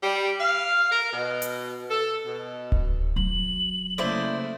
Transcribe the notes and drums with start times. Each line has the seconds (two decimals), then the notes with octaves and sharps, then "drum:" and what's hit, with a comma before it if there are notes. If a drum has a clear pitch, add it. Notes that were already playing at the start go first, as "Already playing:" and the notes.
0.03 G3
0.40 F5
0.91 A#4
1.13 B2
1.42 drum: hi-hat
1.89 A4
2.26 B2
2.72 drum: kick D1
3.16 F#3 F#7
3.98 C#3 A3 A#3 E4 C5 D5